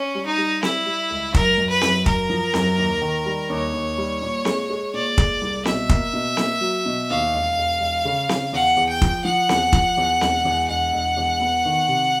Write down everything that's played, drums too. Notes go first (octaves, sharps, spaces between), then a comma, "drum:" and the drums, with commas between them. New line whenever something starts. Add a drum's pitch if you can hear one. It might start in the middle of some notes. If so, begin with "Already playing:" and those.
Already playing: C#4
G3
D#4
G3
G3 E4, drum: snare C4
G3
C#2
F#2 A#4, drum: kick
F#2
B4
F#2, drum: snare C4
F#2 A#4, drum: kick
F3
F#2, drum: snare C4
D#2
D#3
G3
D#2 C#5
D#2
G3
A#2
G#3, drum: snare C4
G#3
A#2 D5
G#3, drum: kick
C2
B2 E5, drum: snare C4
A#3, drum: kick
B2
A#3, drum: snare C4
F#3
B2
D#2 F5
E1
E1
E1
C#3
C#3, drum: snare C4
E2 F#5
E2
G5
F3, drum: kick
F3 F#5
E2, drum: snare C4
F3, drum: kick
E2
E1, drum: snare C4
E2
E1 F#5
E1
E2
B3
D#3
C3